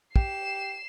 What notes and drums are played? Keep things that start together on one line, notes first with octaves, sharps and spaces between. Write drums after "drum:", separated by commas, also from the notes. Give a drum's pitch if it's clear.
G4 C7 E7, drum: kick